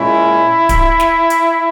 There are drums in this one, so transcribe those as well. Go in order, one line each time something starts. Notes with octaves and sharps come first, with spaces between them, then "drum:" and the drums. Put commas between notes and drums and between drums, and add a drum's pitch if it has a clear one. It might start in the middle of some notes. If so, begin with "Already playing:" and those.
Already playing: A#2 G#3 C#4 E4
drum: kick D1, hi-hat
drum: snare
drum: hi-hat